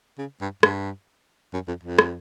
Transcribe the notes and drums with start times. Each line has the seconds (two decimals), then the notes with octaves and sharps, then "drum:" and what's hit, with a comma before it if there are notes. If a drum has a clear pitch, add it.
0.18 C#3
0.41 G2
0.63 G2, drum: rim click
1.54 F#2
1.68 F2
1.83 F2
1.99 drum: rim click